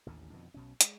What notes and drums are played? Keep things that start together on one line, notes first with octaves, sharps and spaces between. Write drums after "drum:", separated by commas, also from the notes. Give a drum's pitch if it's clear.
A1 D#2 A2 D3
F2 B2 D3 D#3
B1 B2 C#4
G#3, drum: hi-hat